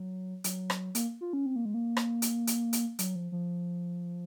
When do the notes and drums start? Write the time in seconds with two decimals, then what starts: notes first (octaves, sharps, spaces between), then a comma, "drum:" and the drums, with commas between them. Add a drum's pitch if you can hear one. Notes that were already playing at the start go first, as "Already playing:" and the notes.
Already playing: F#3
0.44 F#3, drum: hi-hat
0.70 drum: rim click
0.95 A#3, drum: hi-hat
1.21 F4
1.33 C#4
1.46 C4
1.56 A#3
1.65 G#3
1.74 A#3
1.97 drum: rim click
2.22 drum: hi-hat
2.47 drum: hi-hat
2.73 drum: hi-hat
2.99 F#3, drum: hi-hat
3.15 F3
3.32 F3